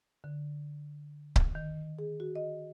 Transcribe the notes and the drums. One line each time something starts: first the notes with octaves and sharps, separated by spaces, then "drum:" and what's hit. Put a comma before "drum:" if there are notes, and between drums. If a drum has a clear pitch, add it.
D3
drum: kick C#1
D#3
G#4
F#4
D#5